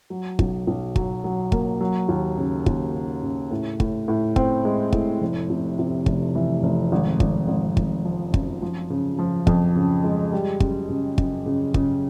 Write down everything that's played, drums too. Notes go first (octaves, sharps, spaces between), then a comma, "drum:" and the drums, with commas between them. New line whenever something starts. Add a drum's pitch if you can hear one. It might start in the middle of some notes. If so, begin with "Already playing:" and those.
F#3
B1, drum: kick
B1
F#3, drum: kick
F#3
A#3, drum: kick
F#3
D#2
C#3
D#2, drum: kick
C#3
C#3
A2
A2, drum: kick
A2
C4, drum: kick
G#3
A2, drum: kick
F1
C3
C3
F1, drum: kick
E3
F1
G#1
G#1, drum: kick
G#1
G#1, drum: kick
F3
F#2, drum: kick
F3
C#3
F3
F2, drum: kick
C#3
G#3
G3
F#2, drum: kick
C#3
F#2, drum: kick
C#3
C#3, drum: kick